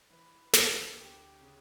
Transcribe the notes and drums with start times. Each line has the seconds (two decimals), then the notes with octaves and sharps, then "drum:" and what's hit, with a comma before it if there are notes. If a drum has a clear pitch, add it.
0.10 E3 B4
0.53 D2 A4, drum: snare
0.97 D2 G4
1.41 C#3